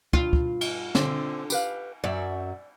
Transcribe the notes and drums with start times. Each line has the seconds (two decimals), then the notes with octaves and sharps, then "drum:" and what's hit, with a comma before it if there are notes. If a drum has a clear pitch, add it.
0.13 G2 F4, drum: kick
0.33 drum: kick
0.61 drum: cymbal
0.95 D3 C4, drum: snare
1.50 G4 B4 F5, drum: tambourine
2.04 F#2 D5 E5